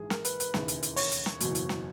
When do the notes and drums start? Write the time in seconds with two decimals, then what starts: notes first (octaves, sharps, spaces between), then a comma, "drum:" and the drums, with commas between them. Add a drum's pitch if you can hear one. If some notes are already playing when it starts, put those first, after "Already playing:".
Already playing: A#1 G#2 E3 G#4
0.10 A#4, drum: snare
0.25 B4, drum: hi-hat
0.40 B4, drum: hi-hat
0.54 E1 D#2 C#3 E3, drum: snare
0.68 drum: hi-hat
0.83 drum: hi-hat
0.96 C#5, drum: open hi-hat
1.11 drum: hi-hat
1.26 drum: snare
1.40 F#1 E2 B2 F#3, drum: hi-hat
1.55 drum: hi-hat
1.69 drum: snare